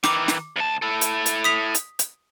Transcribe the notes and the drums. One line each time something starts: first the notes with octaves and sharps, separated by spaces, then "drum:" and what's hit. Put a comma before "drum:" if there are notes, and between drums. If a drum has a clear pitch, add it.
D#3 E3 D6, drum: snare
drum: snare
D2 A5
E4 A4
drum: hi-hat
drum: hi-hat
D#6 B6 F7
drum: hi-hat
drum: hi-hat